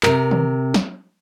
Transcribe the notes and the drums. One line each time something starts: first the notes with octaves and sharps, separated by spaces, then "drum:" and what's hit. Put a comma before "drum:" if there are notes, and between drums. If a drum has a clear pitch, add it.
C3 A#4, drum: clap
drum: tom
drum: snare